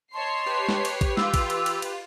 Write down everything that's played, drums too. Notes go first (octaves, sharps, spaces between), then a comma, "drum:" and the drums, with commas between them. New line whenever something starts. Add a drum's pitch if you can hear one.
C#5 D#5 A5 C6 C7
G4 B4
drum: snare
drum: cymbal
drum: kick A1, cymbal
E3 F4 D6 E6, drum: snare
drum: kick A1, cymbal
drum: cymbal
drum: cymbal
drum: cymbal